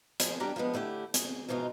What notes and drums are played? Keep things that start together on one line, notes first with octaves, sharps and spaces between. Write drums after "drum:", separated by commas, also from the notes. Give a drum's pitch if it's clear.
F3 G#4, drum: hi-hat
G3 D4 G4 A4 A#5
F3 G3 G#3 B3
D3 A3 E4 G4
G#4, drum: hi-hat
G#2 B2 E3 F3 D#4 F4